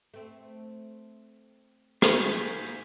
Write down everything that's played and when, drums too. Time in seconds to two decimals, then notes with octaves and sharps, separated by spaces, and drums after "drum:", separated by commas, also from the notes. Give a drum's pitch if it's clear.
0.14 A3 C4
2.02 G#2 A#3 B4 C5 E5 G#5, drum: rim click